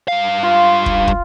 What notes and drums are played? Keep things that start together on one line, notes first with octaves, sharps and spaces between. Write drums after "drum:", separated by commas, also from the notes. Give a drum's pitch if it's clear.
G2 F5
F4
drum: kick
drum: kick